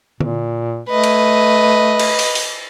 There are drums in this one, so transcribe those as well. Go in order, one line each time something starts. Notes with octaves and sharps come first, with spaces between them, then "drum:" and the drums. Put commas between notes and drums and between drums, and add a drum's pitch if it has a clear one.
A#2, drum: tom D3
A3 B4 D#5
drum: cymbal
drum: cymbal
drum: open hi-hat
drum: open hi-hat